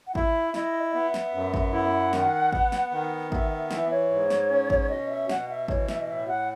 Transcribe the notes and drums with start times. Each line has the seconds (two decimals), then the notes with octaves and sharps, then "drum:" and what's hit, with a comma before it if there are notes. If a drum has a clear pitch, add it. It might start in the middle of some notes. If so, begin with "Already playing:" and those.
0.07 F#5
0.15 E4 E5, drum: kick G#1
0.54 E4 D#5, drum: snare
0.83 D#5
0.94 B3 E5
1.14 drum: snare
1.33 F#2
1.54 drum: kick G#1
1.73 E4 F#5
2.13 D#3, drum: snare
2.53 B3, drum: kick G#1
2.72 drum: snare
2.92 D#3
3.32 B3 E5, drum: kick G#1
3.52 E5
3.71 E3 E5, drum: snare
3.91 C#5
4.11 G#2
4.30 drum: snare
4.51 C#4
4.70 drum: kick G#1
4.89 B2 D#5
5.09 E5
5.29 B2 F#5, drum: snare
5.49 E5
5.68 E3 C#5, drum: kick G#1
5.88 E5, drum: snare
6.01 D#5
6.08 A2 E5
6.28 F#5